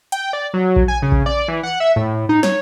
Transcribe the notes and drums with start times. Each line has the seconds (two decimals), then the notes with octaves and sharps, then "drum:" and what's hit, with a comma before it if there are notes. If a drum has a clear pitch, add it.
0.12 G5, drum: hi-hat
0.33 D5
0.54 F#3
0.76 drum: kick A#1
0.88 G#5
1.02 C#3
1.12 drum: kick A#1
1.26 D5
1.48 E3
1.63 F#5
1.80 E5
1.96 A2
2.29 D#4
2.43 C#5, drum: snare